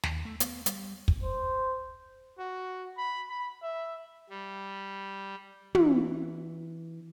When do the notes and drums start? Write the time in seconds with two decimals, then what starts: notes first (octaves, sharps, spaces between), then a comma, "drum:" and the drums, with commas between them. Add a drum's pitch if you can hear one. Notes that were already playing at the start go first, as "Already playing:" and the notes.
0.03 D#2, drum: snare
0.25 A3
0.40 B3, drum: hi-hat
0.66 G3, drum: hi-hat
1.08 drum: kick
1.24 C5
2.39 F#4
2.98 B5
3.29 B5
3.63 E5
4.30 G3
5.75 E3, drum: tom